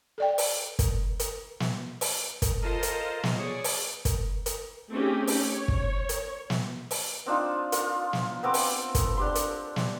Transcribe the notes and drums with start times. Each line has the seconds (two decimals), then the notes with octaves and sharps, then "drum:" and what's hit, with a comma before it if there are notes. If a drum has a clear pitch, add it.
0.18 A4 D5 G5
0.38 drum: open hi-hat
0.79 drum: kick, hi-hat
1.20 drum: hi-hat
1.60 drum: snare
2.01 drum: open hi-hat
2.42 drum: kick, hi-hat
2.62 F4 A4 A#4 C5 D#5
2.83 drum: hi-hat
3.23 drum: snare
3.38 G#4 C#5 D5 C#6 D#6
3.64 drum: open hi-hat
4.05 drum: kick, hi-hat
4.46 drum: hi-hat
4.91 A3 C4 C#4 D#4 G4 G#4
5.27 drum: open hi-hat
5.42 C#5
5.68 drum: kick
6.09 drum: hi-hat
6.50 drum: snare
6.91 drum: open hi-hat
7.26 C4 D4 D#4 F4
7.72 F4, drum: hi-hat
8.13 drum: snare
8.43 B3 C4 A4 D6
8.54 drum: open hi-hat
8.95 drum: kick, hi-hat
9.17 D4 G4 C6
9.35 drum: hi-hat
9.76 drum: snare